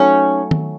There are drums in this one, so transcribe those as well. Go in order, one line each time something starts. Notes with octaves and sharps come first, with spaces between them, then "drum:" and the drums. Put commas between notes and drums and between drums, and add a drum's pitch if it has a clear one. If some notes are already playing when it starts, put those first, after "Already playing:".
Already playing: F#3 A3 C#4 D#4
drum: tom D#3